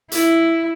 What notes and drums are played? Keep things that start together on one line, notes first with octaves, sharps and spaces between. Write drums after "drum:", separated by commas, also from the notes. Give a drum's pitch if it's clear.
E4, drum: hi-hat